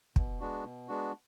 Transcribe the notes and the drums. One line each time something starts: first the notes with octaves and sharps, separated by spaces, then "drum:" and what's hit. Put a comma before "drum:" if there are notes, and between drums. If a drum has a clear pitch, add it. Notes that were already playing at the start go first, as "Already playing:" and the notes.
B2, drum: kick
G#3 B3 D4 F#4
B2
G#3 B3 D4 F#4